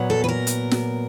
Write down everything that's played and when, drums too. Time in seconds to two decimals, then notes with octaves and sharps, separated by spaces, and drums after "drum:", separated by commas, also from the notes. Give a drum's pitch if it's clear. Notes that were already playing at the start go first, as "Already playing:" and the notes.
Already playing: A#2 F#3 B3
0.10 A4
0.24 B4
0.29 A#4
0.47 drum: hi-hat
0.71 drum: snare